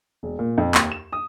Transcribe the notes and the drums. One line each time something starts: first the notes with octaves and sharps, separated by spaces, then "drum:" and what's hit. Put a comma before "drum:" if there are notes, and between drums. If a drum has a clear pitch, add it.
E1
A#2
F2
D#2, drum: clap
E7
D#6